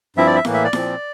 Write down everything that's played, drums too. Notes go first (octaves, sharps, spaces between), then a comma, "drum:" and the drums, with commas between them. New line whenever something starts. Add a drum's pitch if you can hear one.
G2 F3 C4 E4 E5
D5
E5
A2 E3 A#3, drum: snare E4
E5
D5
A#2 F3 C4, drum: snare E4